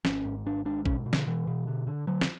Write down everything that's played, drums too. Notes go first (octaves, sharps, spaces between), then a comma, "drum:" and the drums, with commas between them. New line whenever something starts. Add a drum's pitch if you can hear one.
G#1 C#4, drum: snare
G#2
G#1 D4
G#2 D4
B2 C#4, drum: kick A#1
B2
D3, drum: snare
B2 E3
B2
D3
D3
D3 F#3
drum: snare